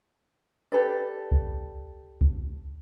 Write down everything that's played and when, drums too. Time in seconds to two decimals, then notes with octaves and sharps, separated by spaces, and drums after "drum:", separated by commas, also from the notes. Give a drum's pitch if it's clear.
0.72 G4 A4 B4 D5
1.32 drum: kick C#2
2.21 drum: kick C#2